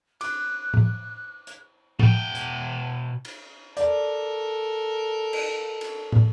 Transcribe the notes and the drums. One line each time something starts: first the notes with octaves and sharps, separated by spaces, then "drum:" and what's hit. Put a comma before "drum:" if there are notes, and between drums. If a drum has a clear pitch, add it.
D6 F#6, drum: cymbal
drum: tom A2
drum: hi-hat
B2 G5, drum: tom A2
drum: hi-hat
drum: cymbal
A4 A#4 D5, drum: hi-hat
drum: cymbal
drum: cymbal
drum: tom